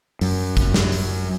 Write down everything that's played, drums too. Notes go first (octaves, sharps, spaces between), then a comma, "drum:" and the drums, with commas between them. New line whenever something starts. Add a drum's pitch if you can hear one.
F#2, drum: open hi-hat
drum: kick, hi-hat
drum: snare
drum: open hi-hat